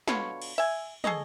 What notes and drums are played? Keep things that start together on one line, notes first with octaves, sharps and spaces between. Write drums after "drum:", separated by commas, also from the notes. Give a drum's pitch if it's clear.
B2 D3 F4 C#5, drum: snare
drum: cymbal
E5 G#5
G#4 A4 C#5 D#5, drum: tom